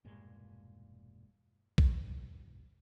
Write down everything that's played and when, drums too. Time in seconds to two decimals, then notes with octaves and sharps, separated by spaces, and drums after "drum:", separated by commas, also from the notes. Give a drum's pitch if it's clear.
0.05 E1 G2 A#2 G#3
1.78 E1 G2, drum: kick B1